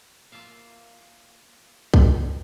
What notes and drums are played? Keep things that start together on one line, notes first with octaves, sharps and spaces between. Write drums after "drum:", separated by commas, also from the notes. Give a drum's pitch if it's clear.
A#3 F4 E5 F5
drum: kick B1